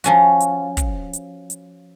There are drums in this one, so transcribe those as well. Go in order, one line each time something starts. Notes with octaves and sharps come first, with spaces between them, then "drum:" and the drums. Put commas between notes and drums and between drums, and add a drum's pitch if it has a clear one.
F3 C#4 F#4, drum: hi-hat
drum: hi-hat
drum: kick, hi-hat
drum: hi-hat
drum: hi-hat